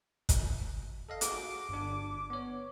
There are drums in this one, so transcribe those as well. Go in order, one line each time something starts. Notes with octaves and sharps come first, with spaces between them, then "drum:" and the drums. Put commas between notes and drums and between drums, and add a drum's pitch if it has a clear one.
drum: kick G1, hi-hat
A4 D#5 F5
F#4 G#4 D6, drum: hi-hat
G1 D4
B3 C#5